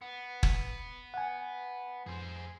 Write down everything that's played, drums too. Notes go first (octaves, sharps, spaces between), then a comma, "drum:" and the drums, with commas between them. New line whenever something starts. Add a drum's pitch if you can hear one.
B3
drum: kick
F#5 G#5
F2 G#4 C5